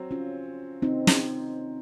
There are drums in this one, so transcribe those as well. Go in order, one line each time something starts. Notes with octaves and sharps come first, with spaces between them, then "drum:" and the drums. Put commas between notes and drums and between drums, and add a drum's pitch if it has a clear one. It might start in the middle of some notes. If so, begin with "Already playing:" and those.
Already playing: F#3 C4
C#4 F4
C4 D#4
drum: snare